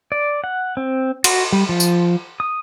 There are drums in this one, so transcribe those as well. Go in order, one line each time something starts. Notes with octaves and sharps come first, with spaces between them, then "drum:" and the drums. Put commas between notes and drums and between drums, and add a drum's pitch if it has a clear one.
D5
F#5
C4
F#4, drum: cymbal
G3
F3
drum: tambourine
D#6